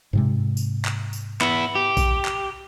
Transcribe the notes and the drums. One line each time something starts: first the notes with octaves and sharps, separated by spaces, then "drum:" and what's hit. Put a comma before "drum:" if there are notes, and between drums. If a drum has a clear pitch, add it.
G#2 C3 G#3
drum: tambourine
drum: clap
drum: tambourine
B3 E4, drum: clap
G4
drum: kick A#1, tambourine
drum: clap